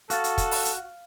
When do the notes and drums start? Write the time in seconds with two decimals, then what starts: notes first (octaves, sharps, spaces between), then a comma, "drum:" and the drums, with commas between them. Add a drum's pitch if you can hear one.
0.10 F#4 A4 F5 A6, drum: hi-hat
0.24 drum: hi-hat
0.38 drum: kick, hi-hat
0.51 drum: open hi-hat
0.65 drum: hi-hat